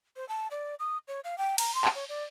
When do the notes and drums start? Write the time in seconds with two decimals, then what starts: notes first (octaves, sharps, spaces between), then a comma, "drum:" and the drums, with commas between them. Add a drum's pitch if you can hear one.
0.16 C5
0.29 A5
0.51 D5
0.79 D#6
1.08 C#5
1.24 F5
1.38 G5
1.58 A#5, drum: cymbal
1.75 C6
1.85 drum: clap
1.95 C#5
2.09 D5